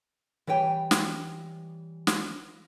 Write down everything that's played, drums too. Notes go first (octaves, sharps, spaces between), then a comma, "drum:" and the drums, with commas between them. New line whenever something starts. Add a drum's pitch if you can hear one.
E3 G3 C#5 G5 G#5
drum: snare
drum: snare